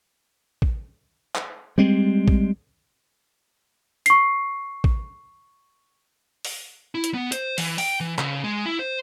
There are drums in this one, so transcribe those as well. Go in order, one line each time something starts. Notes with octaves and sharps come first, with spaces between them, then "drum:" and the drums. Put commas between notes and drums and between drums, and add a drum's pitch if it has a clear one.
drum: kick
drum: clap
G3 G#3 C4
drum: kick
C#6 C7, drum: hi-hat
drum: kick
drum: open hi-hat
E4
drum: hi-hat
B3
C5, drum: hi-hat
E3, drum: open hi-hat
G5, drum: open hi-hat
E3
C#3, drum: clap
G#3
E4
C5